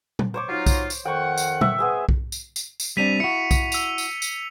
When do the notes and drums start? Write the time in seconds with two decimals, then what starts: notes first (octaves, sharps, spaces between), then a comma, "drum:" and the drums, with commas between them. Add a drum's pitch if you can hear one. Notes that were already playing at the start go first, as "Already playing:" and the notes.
0.19 drum: tom
0.34 C5 C#5 D6
0.49 F#3 D#4 F4
0.66 drum: kick B1, tambourine
0.90 drum: tambourine
1.05 F2 D#3 F#5 G5 C#6
1.37 drum: tambourine
1.61 E5, drum: tom
1.79 B3 G#4 C5
2.09 drum: kick B1
2.32 drum: tambourine
2.56 drum: tambourine
2.80 drum: tambourine
2.97 G3 C4 D4 B6 D#7 F7
3.20 E4 F#4 C#7
3.51 drum: kick B1, tambourine
3.72 E6 F7, drum: tambourine
3.98 drum: tambourine
4.22 drum: tambourine